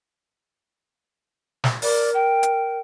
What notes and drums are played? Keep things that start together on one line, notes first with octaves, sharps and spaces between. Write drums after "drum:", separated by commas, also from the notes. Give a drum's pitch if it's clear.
drum: snare
A#4 D5, drum: open hi-hat
G5
drum: hi-hat